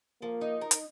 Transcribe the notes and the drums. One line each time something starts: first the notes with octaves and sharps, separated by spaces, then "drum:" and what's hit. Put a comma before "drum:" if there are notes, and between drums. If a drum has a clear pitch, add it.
F3 A#3
D#4
A#4
drum: hi-hat